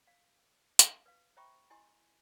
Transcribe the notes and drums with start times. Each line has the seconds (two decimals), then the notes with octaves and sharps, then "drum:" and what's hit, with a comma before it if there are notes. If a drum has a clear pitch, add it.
0.07 F5
0.79 drum: hi-hat
1.06 B4 F5
1.37 C5 E5 G5 A#5 B5 C#6
1.70 E4 G4 D#5 G#5 C6